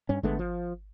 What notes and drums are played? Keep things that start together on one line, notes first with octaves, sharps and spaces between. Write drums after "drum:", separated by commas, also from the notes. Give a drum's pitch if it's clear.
G2 C#4
D3 G#3 A3 B3, drum: kick G#1
F3